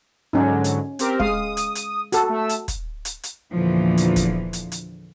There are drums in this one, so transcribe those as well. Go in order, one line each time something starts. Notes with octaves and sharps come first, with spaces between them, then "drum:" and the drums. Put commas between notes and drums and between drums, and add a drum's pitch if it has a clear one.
G#2 D3 F#3 C#4 D#4
drum: hi-hat
C4 G4 A#4, drum: hi-hat
G#3 F5 D#6, drum: kick
drum: hi-hat
drum: hi-hat
F#4 A4, drum: hi-hat
A3 E6
drum: hi-hat
drum: kick, hi-hat
drum: hi-hat
drum: hi-hat
E2 A#2 D3 E3 F3
drum: hi-hat
drum: kick, hi-hat
drum: hi-hat
drum: hi-hat